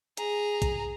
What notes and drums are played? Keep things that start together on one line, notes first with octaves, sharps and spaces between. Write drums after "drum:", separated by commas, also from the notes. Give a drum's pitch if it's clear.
G#4 A#5, drum: hi-hat
drum: kick, hi-hat